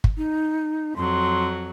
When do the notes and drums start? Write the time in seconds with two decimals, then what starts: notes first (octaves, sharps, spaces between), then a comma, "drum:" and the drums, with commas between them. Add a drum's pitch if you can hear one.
0.04 drum: kick
0.18 D#4
0.96 F2 F#3 C6